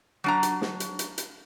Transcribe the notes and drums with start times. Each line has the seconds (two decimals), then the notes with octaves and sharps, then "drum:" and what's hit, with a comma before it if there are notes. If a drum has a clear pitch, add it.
0.24 F#3 D4 A#5
0.43 drum: hi-hat
0.61 drum: snare
0.80 drum: hi-hat
0.99 drum: hi-hat
1.18 drum: hi-hat